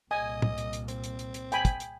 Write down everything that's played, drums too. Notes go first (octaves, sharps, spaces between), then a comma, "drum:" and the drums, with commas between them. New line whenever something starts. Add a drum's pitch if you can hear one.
C2 A#2 D#5 G#5
drum: tom A2
drum: hi-hat
drum: hi-hat
C4, drum: hi-hat
drum: hi-hat
drum: hi-hat
drum: hi-hat
G5 G#5 B5, drum: hi-hat
drum: kick, hi-hat
drum: hi-hat